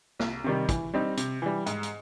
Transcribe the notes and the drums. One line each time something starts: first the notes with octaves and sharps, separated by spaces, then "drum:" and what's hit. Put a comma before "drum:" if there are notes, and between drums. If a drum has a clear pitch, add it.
C2, drum: snare
C3 D#3 G3
E3, drum: kick, hi-hat
G3 C4 D#4
C3, drum: hi-hat
E3 G3
G#2, drum: hi-hat
drum: hi-hat